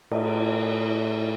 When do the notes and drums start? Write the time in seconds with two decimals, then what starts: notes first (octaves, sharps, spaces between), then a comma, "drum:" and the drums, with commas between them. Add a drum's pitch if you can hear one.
0.11 A2, drum: cymbal